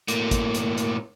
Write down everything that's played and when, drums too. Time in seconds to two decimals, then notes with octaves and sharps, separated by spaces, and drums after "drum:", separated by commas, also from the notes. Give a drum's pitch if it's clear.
0.08 A2 A#3, drum: hi-hat
0.31 drum: kick, hi-hat
0.54 drum: hi-hat
0.78 drum: hi-hat